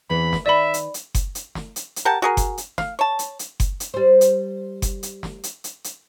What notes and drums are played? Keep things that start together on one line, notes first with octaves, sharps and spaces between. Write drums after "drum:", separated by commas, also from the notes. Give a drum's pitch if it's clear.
E2 E3 C4 B5
drum: snare
D#3 B4 D5 E5 B5
drum: hi-hat
drum: hi-hat
drum: kick F#1, hi-hat
drum: hi-hat
drum: snare
drum: hi-hat
drum: hi-hat
G4 A#4 F#5 A5
F#4 G#4 A#4
drum: kick F#1, hi-hat
drum: hi-hat
F5, drum: snare
C#5 A5
drum: hi-hat
drum: hi-hat
drum: kick F#1, hi-hat
drum: hi-hat
G3 C5
drum: hi-hat
drum: kick F#1, hi-hat
drum: hi-hat
drum: snare
drum: hi-hat
drum: hi-hat
drum: hi-hat